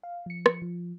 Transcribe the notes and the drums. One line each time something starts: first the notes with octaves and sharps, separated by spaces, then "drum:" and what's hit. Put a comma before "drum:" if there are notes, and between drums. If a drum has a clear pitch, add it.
F5
F3 C#7
drum: rim click
F3